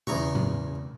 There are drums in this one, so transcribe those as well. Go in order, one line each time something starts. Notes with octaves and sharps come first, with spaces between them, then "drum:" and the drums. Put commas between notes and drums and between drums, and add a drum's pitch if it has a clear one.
E2 C#3 A#5 C#6, drum: tom B2
drum: tom A2